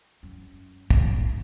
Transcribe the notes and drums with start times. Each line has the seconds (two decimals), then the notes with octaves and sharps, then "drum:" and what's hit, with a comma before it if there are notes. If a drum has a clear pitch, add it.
0.23 F#2
0.90 G#2, drum: kick